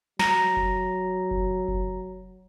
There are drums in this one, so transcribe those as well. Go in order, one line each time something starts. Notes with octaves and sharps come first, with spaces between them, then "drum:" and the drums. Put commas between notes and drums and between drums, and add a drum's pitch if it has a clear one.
F#3 A#5, drum: snare
drum: kick F1
drum: kick F1
drum: kick F1